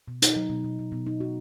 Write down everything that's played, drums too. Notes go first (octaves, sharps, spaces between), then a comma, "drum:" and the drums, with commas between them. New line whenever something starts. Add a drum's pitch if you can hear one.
B2
D#4, drum: hi-hat
F#3
B2
B2
B2
B2
D#4
F#4